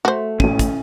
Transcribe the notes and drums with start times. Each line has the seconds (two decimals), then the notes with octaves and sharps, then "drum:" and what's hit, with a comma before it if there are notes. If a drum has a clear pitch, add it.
0.05 A3 F#4 C5
0.40 A1 C#4 D#7, drum: kick
0.59 drum: kick, hi-hat